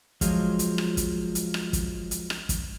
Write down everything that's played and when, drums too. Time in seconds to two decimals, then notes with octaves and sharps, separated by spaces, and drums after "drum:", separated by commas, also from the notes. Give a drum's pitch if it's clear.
0.21 F3 F#3 G#3 F4, drum: kick, hi-hat
0.59 drum: hi-hat
0.78 drum: rim click
0.97 drum: kick, hi-hat
1.35 drum: hi-hat
1.54 drum: rim click
1.73 drum: kick, hi-hat
2.11 drum: hi-hat
2.30 drum: rim click
2.49 drum: kick, hi-hat